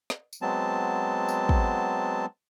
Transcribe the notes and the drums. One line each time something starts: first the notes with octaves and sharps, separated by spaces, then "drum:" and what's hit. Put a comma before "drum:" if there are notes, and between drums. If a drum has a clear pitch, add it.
drum: snare
drum: tambourine
F#3 G#3 B3 C4 A5
drum: tambourine
drum: kick